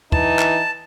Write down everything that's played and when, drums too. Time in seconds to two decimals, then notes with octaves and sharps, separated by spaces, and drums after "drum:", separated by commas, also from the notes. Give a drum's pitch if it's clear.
0.12 E3 D#4 A5, drum: kick D2
0.39 drum: clap